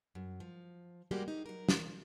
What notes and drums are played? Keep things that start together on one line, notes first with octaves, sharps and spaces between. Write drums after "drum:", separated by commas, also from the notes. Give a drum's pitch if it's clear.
F#2
F3
G3 G#3 A#3 F#4 G4
D#4
F#3 A#4
drum: snare